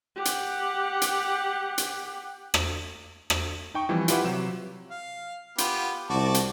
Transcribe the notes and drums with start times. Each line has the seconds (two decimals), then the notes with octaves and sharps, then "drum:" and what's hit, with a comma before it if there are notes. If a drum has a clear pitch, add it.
0.16 G4 F#5
0.25 drum: hi-hat
1.02 drum: hi-hat
1.78 drum: hi-hat
2.54 drum: rim click
3.30 drum: rim click
3.74 D#4 G5 C#6
3.89 E3 F3 G3 C4
4.08 E4 F4 G4 B4 E5 F#5, drum: hi-hat
4.24 C3 F#3 E7
4.91 F5
5.58 B3 F4 G4, drum: hi-hat
6.10 C2 F#4 A5 D6
6.34 drum: hi-hat